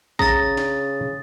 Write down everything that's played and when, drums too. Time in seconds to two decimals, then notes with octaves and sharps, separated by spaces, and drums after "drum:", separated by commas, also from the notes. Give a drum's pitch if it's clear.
0.19 C#3 A#5 D#6 A6, drum: kick
0.57 drum: snare